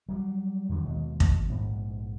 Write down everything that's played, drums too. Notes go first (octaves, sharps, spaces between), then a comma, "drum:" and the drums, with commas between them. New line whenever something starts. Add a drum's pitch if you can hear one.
F#3 G3
E2 D3 D#3 F#3
D#2 B2 G#3
drum: kick
A#1 G#2 B3